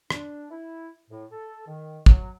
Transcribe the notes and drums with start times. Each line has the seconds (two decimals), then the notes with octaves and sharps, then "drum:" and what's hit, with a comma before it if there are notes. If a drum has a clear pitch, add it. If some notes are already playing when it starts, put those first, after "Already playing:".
0.10 D4, drum: rim click
0.50 E4
1.09 A2
1.31 A4
1.67 D#3
2.06 F#3, drum: kick